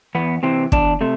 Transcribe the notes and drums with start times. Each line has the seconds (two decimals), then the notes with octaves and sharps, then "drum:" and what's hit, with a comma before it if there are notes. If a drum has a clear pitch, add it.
0.15 E2 B3
0.43 C3 E3 C4
0.72 E2 D4, drum: kick
1.01 C3 A3